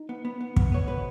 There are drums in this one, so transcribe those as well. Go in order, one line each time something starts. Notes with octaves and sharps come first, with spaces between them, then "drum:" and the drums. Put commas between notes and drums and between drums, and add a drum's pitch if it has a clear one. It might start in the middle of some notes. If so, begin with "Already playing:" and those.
Already playing: D#4
B3
B3
B3
B3, drum: kick
B3 C#5
B2 B4